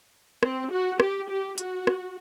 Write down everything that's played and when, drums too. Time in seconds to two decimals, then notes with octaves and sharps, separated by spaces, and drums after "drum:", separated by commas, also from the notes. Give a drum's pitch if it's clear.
0.43 C4, drum: rim click
0.71 F#4
1.00 G4, drum: rim click
1.29 G4
1.58 F#4, drum: hi-hat
1.87 drum: rim click